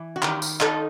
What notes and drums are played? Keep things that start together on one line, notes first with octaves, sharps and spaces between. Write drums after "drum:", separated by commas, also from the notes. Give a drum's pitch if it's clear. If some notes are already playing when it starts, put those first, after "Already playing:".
Already playing: E3
F#4
D#3 G4, drum: clap
drum: tambourine
D#4 A4, drum: clap